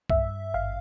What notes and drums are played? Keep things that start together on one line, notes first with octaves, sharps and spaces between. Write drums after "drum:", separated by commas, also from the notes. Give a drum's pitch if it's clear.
G2 E5, drum: kick B1
G#1 F5